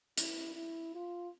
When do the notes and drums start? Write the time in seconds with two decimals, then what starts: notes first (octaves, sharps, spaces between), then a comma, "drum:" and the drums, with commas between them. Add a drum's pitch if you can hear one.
0.18 E4, drum: hi-hat
0.55 E4
0.95 F4